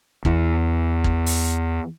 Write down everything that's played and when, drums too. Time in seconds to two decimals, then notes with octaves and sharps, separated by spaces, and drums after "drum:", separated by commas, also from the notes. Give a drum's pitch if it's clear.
0.25 E2 E3, drum: kick
1.04 drum: kick
1.26 drum: open hi-hat